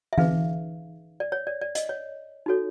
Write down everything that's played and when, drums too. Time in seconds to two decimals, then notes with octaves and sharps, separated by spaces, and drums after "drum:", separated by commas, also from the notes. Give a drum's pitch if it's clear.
0.13 E5
0.18 D#4 G#4 B4 F5, drum: tom E3
1.20 D5
1.32 C#5
1.47 D5
1.61 D5
1.75 D#5, drum: hi-hat
1.89 C#5
2.46 D#4 F#4 A4 C#5